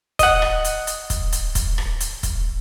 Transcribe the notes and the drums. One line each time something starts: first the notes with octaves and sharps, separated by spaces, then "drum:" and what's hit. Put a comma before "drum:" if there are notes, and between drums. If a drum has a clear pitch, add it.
D#5 F#5, drum: kick, hi-hat
drum: rim click
drum: hi-hat
drum: hi-hat
drum: kick, hi-hat
drum: hi-hat
drum: kick, hi-hat
drum: rim click
drum: hi-hat
drum: kick, hi-hat